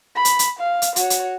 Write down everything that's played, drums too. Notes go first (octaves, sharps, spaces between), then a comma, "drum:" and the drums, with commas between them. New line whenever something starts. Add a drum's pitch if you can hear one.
B5
drum: hi-hat
drum: hi-hat
F5
drum: hi-hat
F#4 C#5, drum: hi-hat
drum: hi-hat